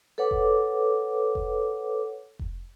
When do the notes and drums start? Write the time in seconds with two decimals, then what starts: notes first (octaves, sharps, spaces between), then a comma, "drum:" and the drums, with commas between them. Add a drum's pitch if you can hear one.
0.18 A4 B4 C#5 F#5 D6
0.31 drum: kick F1
1.35 drum: kick F1
2.39 drum: kick F1